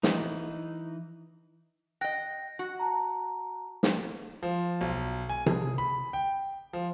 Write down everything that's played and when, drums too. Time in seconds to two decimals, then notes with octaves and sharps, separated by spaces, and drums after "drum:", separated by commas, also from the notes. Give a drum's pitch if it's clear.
0.03 E3 D#4, drum: snare
2.01 D#5 G5 F#6 A#6
2.59 F#4
2.79 A5 A#5
3.83 drum: snare
4.43 F3
4.81 B1
5.29 G#5
5.46 G#4, drum: tom C3
5.78 B5
6.13 G5
6.73 F3